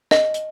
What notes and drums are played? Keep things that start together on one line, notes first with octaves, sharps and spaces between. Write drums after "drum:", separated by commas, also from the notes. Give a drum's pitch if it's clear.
D#5, drum: snare
drum: hi-hat